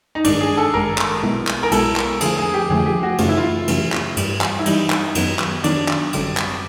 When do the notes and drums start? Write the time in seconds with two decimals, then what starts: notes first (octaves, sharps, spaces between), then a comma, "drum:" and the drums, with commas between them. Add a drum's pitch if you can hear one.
0.15 D#4
0.24 A1 G2 D#3 G#3 D4, drum: cymbal
0.41 G#4
0.57 A4
0.74 A1 G2 D#3 G#3 A#4
0.98 drum: clap
1.22 B1 B2 G#3 B3 E4
1.47 drum: clap
1.63 A#4
1.72 B1 B2 G#3 B3 E4 A4, drum: cymbal
1.96 drum: clap
2.21 F2 D3 F3 A3 G#4, drum: cymbal
2.37 G#4
2.54 G4
2.69 F2 D3 F3 A3 G#4
2.86 G4
3.03 F#4
3.18 F#2 C#3 E3 A3 F4, drum: cymbal
3.29 E4
3.38 F4
3.68 F#2 C#3 E3 A3, drum: cymbal
3.92 drum: clap
4.17 G2 E3 G3, drum: cymbal
4.41 drum: clap
4.59 E4
4.66 G2 E3 G3 D#4, drum: cymbal
4.90 drum: clap
5.15 F#2 D#3 F#3 B3, drum: cymbal
5.39 drum: clap
5.64 F#2 D#3 F#3 B3 D4, drum: cymbal
5.88 drum: clap
6.13 G#1 F#2 D3 G3 C4, drum: cymbal
6.37 drum: clap